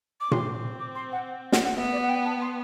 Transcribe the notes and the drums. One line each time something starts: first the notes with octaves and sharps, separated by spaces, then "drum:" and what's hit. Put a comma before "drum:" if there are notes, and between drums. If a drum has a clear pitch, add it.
D6
C4 C6, drum: tom A#2
D6
C6
F#5
F#5, drum: snare
F#5
B3 E5
D5
F#5
G5
A5
C6